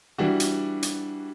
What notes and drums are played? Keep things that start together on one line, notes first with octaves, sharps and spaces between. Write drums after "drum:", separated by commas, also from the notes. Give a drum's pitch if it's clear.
E3 G3 D4 F#4
drum: hi-hat
drum: hi-hat